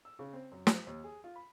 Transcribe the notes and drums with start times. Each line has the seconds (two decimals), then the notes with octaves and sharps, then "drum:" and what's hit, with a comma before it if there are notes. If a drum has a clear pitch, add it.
0.05 E6
0.19 C#3
0.33 C4
0.52 F#2
0.67 F3, drum: snare
0.87 D#2
1.04 G#4
1.24 F4
1.35 B5